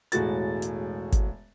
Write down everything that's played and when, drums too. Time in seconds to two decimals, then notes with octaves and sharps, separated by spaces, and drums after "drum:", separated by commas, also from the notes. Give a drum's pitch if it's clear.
0.12 E1 A2 G#3 F#4 A6, drum: hi-hat
0.62 drum: hi-hat
1.12 drum: kick G1, hi-hat